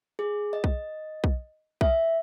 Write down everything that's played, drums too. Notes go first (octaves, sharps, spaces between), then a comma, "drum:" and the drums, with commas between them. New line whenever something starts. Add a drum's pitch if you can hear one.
G#4
D#5
drum: kick B1
drum: kick B1
E5, drum: kick B1